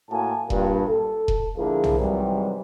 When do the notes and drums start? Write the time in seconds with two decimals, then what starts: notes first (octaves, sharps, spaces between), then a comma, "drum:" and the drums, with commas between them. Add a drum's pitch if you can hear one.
0.11 A2 A#3 F#4 G#5 A5
0.50 G2 A#2, drum: kick E1
0.88 A4
1.28 drum: kick E1
1.57 D3 F3 A#3 E4 G#4 A#4
1.84 drum: tom B1
2.00 G#2 C3 E3 F#3 G3